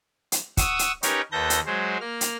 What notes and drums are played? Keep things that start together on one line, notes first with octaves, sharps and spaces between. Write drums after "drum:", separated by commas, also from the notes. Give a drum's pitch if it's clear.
drum: hi-hat
F#5 C#6 D#6 E6, drum: kick, hi-hat
drum: hi-hat
C#4 D#4 G4 A#4 B4 C#5, drum: hi-hat
D#2 A4 B4 G6 A#6
drum: hi-hat
F#3 G#3 C5
A#3 F6
drum: hi-hat